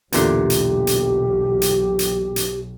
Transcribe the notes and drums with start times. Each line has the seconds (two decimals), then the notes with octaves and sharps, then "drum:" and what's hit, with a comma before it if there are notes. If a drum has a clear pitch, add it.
0.13 B1 E2 A#2 D3 G4, drum: hi-hat
0.50 drum: hi-hat
0.87 drum: hi-hat
1.62 drum: hi-hat
1.99 drum: hi-hat
2.36 drum: hi-hat